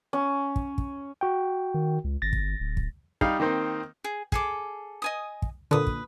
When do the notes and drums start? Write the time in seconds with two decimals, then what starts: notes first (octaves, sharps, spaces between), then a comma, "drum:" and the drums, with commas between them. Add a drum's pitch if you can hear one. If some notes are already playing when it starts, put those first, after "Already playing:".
0.13 C#4
0.56 drum: kick
0.78 drum: kick
1.21 F#4 G5
1.74 D#3
2.04 C#2
2.22 G1 A6 A#6
2.33 drum: kick
2.60 D1
2.77 drum: kick
3.21 G3 D#4 F5, drum: kick
3.40 D#3 A#3 C4 D#4
4.04 G#4
4.32 G#4 A4 D6, drum: kick
5.02 D#5 G#5 D#6
5.42 drum: kick
5.71 A#2 D3 B4 D#6
5.87 drum: kick